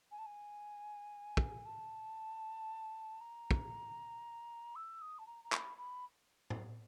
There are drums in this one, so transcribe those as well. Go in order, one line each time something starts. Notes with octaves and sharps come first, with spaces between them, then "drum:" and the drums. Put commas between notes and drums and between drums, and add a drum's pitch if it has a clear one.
G#5
A5
G#5
drum: kick
A5
A#5
drum: kick
E6
D#6
A5
A#5
A#5
B5, drum: clap
B5
drum: tom